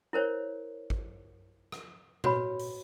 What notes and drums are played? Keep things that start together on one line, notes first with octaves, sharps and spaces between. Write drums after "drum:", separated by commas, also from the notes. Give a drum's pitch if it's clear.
E4 A#4 C5 C#5
drum: kick G#1
drum: rim click
F#4 B4 C#5 B5, drum: tom A#2
drum: open hi-hat